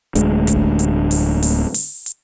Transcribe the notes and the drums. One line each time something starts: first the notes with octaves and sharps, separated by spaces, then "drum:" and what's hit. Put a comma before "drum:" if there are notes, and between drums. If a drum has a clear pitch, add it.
D1 D2 G#3 D4, drum: hi-hat
drum: kick, hi-hat
drum: hi-hat
drum: open hi-hat
drum: open hi-hat
drum: open hi-hat
drum: hi-hat